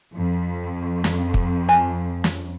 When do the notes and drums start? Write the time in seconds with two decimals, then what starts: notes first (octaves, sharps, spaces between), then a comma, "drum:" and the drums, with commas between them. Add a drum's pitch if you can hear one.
0.14 F2
1.04 drum: snare
1.34 drum: kick
1.69 F3 G#5
2.24 drum: snare